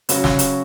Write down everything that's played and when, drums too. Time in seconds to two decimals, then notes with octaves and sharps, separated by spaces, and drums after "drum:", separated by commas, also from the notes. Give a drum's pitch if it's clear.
0.09 C#3 F#3 C#4 F#4, drum: hi-hat
0.24 drum: snare
0.39 drum: hi-hat